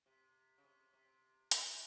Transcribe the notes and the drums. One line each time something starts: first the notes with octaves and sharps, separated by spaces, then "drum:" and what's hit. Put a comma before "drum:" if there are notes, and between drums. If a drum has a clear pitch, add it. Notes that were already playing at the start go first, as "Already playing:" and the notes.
C3
C#3
C3
C3
C3, drum: hi-hat